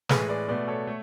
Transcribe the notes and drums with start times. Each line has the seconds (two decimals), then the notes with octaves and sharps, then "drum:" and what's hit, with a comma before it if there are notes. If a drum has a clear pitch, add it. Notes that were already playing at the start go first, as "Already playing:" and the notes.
0.09 A2 E3 G#3 G#4 B4, drum: snare
0.29 B4 D5
0.48 B2 A3 B4 D5
0.68 A4 C#5
0.87 A3